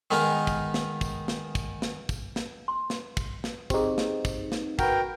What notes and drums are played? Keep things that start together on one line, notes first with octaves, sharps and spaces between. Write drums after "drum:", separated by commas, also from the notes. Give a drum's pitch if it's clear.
D#3 G#3 B3 D#4 A#4
drum: kick, tambourine
drum: snare
drum: kick, tambourine
drum: snare
drum: kick, tambourine
drum: snare
drum: kick, tambourine
drum: snare
C6
drum: snare
drum: kick, tambourine
drum: snare
C4 D#4 G4 G#4, drum: kick, tambourine
drum: snare
drum: kick, tambourine
drum: snare
F#4 A#4 B4 G5, drum: kick, tambourine